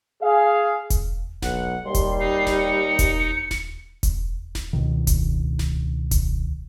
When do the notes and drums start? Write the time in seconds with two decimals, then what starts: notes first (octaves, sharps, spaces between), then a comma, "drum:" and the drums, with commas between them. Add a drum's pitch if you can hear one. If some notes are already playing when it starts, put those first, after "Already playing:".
0.22 G#4 F5
0.90 drum: kick E1, hi-hat
1.42 B1 F#5, drum: snare D#1
1.85 D#2 G3 C6
1.94 drum: kick E1, hi-hat
2.19 D#4 C7
2.47 drum: snare D#1
2.58 C#7
2.99 drum: kick E1, hi-hat
3.51 drum: snare D#1
4.03 drum: kick E1, hi-hat
4.55 drum: snare D#1
4.73 C#2 B2 D#3
5.07 drum: kick E1, hi-hat
5.59 drum: snare D#1
6.11 drum: kick E1, hi-hat